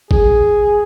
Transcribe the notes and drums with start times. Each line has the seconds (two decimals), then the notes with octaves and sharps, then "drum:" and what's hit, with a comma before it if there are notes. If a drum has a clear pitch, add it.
0.11 G#4, drum: kick G#1